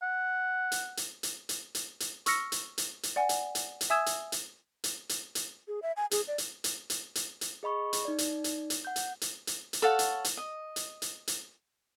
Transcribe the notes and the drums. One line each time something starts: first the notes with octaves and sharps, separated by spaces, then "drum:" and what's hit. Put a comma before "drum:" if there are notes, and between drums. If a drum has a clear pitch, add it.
F#5
drum: hi-hat
drum: hi-hat
drum: hi-hat
drum: hi-hat
drum: hi-hat
drum: hi-hat
C#6 E6 F6 A#6 C#7, drum: hi-hat
drum: hi-hat
drum: hi-hat
drum: hi-hat
D5 F#5 G#5
drum: hi-hat
drum: hi-hat
drum: hi-hat
E5 G#5 D#6 E6 G#6 E7
drum: hi-hat
drum: hi-hat
drum: hi-hat
drum: hi-hat
drum: hi-hat
G#4
E5
G#5
G#4, drum: hi-hat
D5
drum: hi-hat
drum: hi-hat
drum: hi-hat
drum: hi-hat
drum: hi-hat
G#4 D#5 B5 C#6
drum: hi-hat
D#4 D5
drum: hi-hat
drum: hi-hat
drum: hi-hat
F#5 G6
drum: hi-hat
drum: hi-hat
drum: hi-hat
drum: hi-hat
A4 C#5 F5 F#5
drum: hi-hat
drum: hi-hat
D#5
drum: hi-hat
drum: hi-hat
drum: hi-hat